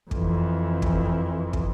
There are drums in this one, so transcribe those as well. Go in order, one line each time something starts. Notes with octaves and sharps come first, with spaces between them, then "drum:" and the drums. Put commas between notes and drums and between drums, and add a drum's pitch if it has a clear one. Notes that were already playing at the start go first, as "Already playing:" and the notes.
F2 E3, drum: kick
drum: kick
drum: kick